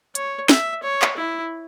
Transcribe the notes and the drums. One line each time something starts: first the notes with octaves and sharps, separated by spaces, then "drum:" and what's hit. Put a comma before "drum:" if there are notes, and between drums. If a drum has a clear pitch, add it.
C#5, drum: hi-hat
E5, drum: snare
C#5
drum: clap
E4